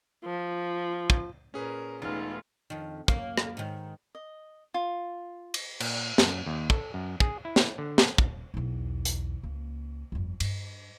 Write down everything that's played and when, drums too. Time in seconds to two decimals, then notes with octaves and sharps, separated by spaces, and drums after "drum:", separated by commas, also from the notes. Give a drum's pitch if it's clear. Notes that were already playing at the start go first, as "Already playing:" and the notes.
0.24 F3
1.10 drum: kick
1.54 A#2 C#4 G#4 A#4 B4
2.02 E1 A3 B3 D#4 F4 F6
2.70 F2 D#3
3.08 F#2 A#3 F5, drum: kick
3.38 drum: rim click
3.57 G#2 D#3
4.15 D#5
4.74 F4
5.54 drum: cymbal
5.80 A#2, drum: cymbal
6.18 F#2, drum: snare
6.46 D#2
6.70 A4, drum: kick
6.94 F#2
7.20 G#4, drum: kick
7.45 E4
7.56 drum: snare
7.78 D3
7.98 drum: snare
8.18 D#1, drum: kick
8.54 B1 E2
9.05 drum: hi-hat
9.43 C#2 A#3
10.12 G1 F2
10.40 G2, drum: cymbal